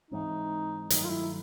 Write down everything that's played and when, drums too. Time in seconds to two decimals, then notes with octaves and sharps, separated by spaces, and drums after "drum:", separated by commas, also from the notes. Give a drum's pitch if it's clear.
0.11 G#2 E3 G#3 C4 D#4
0.90 G2 D#3 F#3 A3 D#4, drum: hi-hat
1.04 F4
1.10 E4